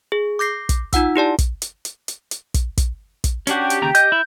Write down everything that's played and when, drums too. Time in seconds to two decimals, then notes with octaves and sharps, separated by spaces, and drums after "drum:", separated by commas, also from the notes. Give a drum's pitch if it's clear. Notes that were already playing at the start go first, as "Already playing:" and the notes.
0.12 G#4
0.39 D6 G6 A#6 C7
0.69 drum: kick, hi-hat
0.93 D#4 F4 F#5 E6, drum: kick, hi-hat
1.16 E4 G4 D5 A5
1.38 drum: kick, hi-hat
1.62 drum: hi-hat
1.85 drum: hi-hat
2.08 drum: hi-hat
2.31 drum: hi-hat
2.54 drum: kick, hi-hat
2.77 drum: kick, hi-hat
3.24 drum: kick, hi-hat
3.47 C#4 D4 F#4 G4, drum: hi-hat
3.70 drum: hi-hat
3.82 D#2 C#3 A#5
3.95 D#5 G6, drum: hi-hat
4.12 E4